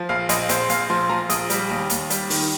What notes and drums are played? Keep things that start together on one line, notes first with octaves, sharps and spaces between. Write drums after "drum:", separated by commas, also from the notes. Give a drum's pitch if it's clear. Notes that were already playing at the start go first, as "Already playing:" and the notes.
Already playing: F3
A#1 F5
A#1 D#5, drum: hi-hat
A#1 C5, drum: hi-hat
A#1 F5, drum: hi-hat
F3 C6
F3 A#5
A#1 D#6, drum: hi-hat
G3, drum: hi-hat
D#2
D#2, drum: hi-hat
G3, drum: hi-hat
D#3, drum: open hi-hat